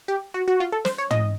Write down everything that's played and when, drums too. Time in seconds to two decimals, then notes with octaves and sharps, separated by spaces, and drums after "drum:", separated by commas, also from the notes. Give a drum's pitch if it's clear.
0.08 G4
0.34 F#4
0.48 F#4
0.60 F4
0.72 A4
0.85 C5, drum: snare
0.98 C#5
1.11 D#5, drum: tom